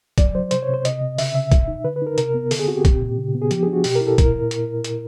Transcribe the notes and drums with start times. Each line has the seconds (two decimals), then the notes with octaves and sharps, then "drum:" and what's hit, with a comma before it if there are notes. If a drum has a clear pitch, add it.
0.18 F#3 D5, drum: kick, hi-hat
0.35 F#3 C5
0.51 C3 C5, drum: hi-hat
0.63 C#5
0.68 C3
0.74 C5
0.85 C3 D#5, drum: hi-hat
1.01 C3
1.18 C#3 E5, drum: open hi-hat
1.34 C#3 E5
1.52 B2, drum: kick, hi-hat
1.68 D#4
1.84 D3 B4
1.96 B4
2.02 D#4 A#4
2.18 C3 A#4, drum: hi-hat
2.34 B3
2.51 D3 A4, drum: open hi-hat
2.59 G#4
2.68 C4 F#4
2.76 G4
2.85 A#2, drum: kick, hi-hat
3.02 A#2
3.18 C#3
3.35 B3
3.42 G#4
3.51 F3 G4, drum: hi-hat
3.63 D4 G#4
3.73 F#4
3.84 B2 G4, drum: open hi-hat
3.96 A#4
4.01 E4
4.07 A4
4.18 A#2 A#4, drum: kick, hi-hat
4.51 drum: hi-hat
4.84 drum: hi-hat